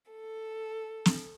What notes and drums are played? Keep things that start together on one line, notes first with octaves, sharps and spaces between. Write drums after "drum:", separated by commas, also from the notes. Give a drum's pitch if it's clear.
A4
drum: snare